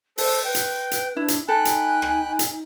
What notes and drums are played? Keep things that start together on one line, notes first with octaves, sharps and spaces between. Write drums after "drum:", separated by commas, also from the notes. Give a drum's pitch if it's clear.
A4 C5, drum: open hi-hat
B4 G5
drum: hi-hat
drum: hi-hat
D4 E4
drum: hi-hat
D#4 A4 G5 G#5 B5 F#6
drum: hi-hat
drum: rim click
drum: hi-hat